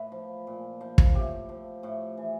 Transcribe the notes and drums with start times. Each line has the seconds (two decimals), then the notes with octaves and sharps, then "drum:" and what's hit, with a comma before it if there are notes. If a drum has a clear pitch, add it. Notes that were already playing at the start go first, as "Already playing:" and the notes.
Already playing: A2 B4
0.12 F3
0.47 A#2
0.81 F3
0.98 drum: kick
1.15 A2 G4
1.49 F3
1.83 A2
2.17 E3